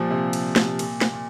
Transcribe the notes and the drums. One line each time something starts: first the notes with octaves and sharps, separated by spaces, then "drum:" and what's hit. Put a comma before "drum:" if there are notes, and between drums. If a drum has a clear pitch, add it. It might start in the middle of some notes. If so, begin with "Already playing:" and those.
Already playing: A#2 F3 G3
C3
drum: cymbal
drum: snare
A#2, drum: cymbal
drum: snare
A#2